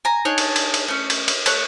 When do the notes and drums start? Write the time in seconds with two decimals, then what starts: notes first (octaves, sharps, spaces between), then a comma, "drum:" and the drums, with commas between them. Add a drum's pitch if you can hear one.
0.05 G#5 A#5
0.25 D4 D#4 G#4 C#5
0.38 drum: cymbal
0.56 drum: cymbal
0.74 drum: cymbal
0.88 A3 C#4
1.10 drum: cymbal
1.28 drum: cymbal
1.46 A3 C#5 F#6, drum: cymbal